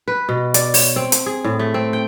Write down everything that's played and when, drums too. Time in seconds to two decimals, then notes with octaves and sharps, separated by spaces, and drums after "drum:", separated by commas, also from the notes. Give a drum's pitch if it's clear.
0.08 B4
0.29 B2
0.54 D5, drum: hi-hat
0.74 C#5, drum: open hi-hat
0.96 C4
1.12 drum: hi-hat
1.26 G#4
1.44 A2
1.59 A3
1.74 C4
1.93 G5